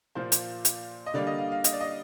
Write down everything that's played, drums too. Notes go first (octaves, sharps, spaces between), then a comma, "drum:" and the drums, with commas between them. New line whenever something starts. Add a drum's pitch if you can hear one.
A#2 F3 A#3 C5
drum: hi-hat
drum: hi-hat
D#5
D3 G3 A#3 D5
D#5
F5
F5
D#5, drum: hi-hat
D5
D#5